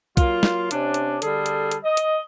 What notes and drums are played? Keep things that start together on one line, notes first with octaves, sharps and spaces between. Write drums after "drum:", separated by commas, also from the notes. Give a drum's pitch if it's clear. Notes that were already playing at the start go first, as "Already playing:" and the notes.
F#3 A#3 F4, drum: kick, hi-hat
drum: snare
C3 C#4 D4, drum: hi-hat
drum: hi-hat
D3 G3 G#4 A4, drum: hi-hat
drum: hi-hat
drum: hi-hat
D#5
drum: hi-hat